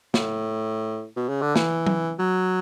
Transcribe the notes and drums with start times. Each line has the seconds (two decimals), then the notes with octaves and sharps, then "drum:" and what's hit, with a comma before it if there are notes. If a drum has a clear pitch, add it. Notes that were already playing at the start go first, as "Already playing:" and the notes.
0.14 A2, drum: snare
1.16 B2
1.29 C#3
1.42 D3
1.56 E3, drum: snare
1.87 drum: tom F#3
2.19 F#3